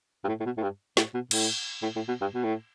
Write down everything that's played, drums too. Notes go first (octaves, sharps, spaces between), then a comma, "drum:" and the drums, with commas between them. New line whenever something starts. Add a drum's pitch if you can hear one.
G2
A2
A2
B2
A2
G2
A2, drum: snare
B2
A2, drum: cymbal
A2
A2
B2
G2
B2
A2